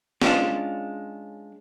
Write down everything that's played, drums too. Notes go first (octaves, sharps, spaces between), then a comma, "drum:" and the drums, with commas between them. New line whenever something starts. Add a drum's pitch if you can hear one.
G#3 C#4 D4 F4, drum: snare